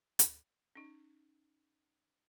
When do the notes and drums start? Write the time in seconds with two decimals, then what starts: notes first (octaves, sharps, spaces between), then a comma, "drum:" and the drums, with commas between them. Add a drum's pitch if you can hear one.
0.19 drum: hi-hat
0.75 C#4 D#4